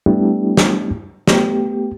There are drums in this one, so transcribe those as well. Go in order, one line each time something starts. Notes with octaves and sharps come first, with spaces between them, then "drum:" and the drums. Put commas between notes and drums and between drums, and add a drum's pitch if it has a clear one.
G3 A3 B3 D4 E4 G4
drum: snare
A3 B3 G4, drum: snare